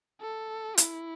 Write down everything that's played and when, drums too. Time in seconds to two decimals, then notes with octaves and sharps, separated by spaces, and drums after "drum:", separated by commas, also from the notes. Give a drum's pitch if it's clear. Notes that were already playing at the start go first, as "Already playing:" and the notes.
0.21 A4
0.78 E4, drum: hi-hat